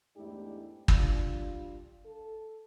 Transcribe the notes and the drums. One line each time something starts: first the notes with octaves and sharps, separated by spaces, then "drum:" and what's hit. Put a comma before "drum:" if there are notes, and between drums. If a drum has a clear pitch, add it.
E2 G#2 A3 D4 E4 G4
G3 D4 F4, drum: kick
A4